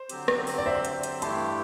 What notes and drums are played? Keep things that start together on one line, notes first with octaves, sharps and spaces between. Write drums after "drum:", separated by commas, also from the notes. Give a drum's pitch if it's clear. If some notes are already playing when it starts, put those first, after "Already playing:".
Already playing: C5
D3 F#3 C4 G4, drum: hi-hat
drum: rim click
drum: open hi-hat
D5
C5 E5
drum: hi-hat
drum: hi-hat
G2 E3 A3 E4 G4 A5 C6, drum: hi-hat